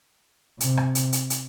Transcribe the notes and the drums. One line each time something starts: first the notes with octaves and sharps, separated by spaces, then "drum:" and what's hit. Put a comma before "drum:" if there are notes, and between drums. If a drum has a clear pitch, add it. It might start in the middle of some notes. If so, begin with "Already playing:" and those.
C3, drum: hi-hat
drum: rim click
drum: hi-hat
drum: hi-hat
drum: hi-hat